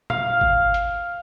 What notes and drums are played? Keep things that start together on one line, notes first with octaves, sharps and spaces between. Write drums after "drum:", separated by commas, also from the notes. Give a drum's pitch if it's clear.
F5, drum: tom A#2
drum: kick G1
drum: hi-hat